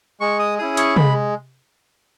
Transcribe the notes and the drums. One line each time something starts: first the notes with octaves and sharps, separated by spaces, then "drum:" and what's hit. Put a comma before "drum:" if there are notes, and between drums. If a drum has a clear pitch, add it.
G#3 C#6
D#6
C#4 E4 G#4 D#6
C#6, drum: hi-hat
G#3 B5, drum: tom C3